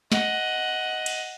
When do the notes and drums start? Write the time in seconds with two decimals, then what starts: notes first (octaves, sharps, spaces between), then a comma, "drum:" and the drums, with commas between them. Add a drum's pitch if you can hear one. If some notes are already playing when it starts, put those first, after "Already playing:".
0.12 D#5 F#5, drum: snare
1.06 drum: cymbal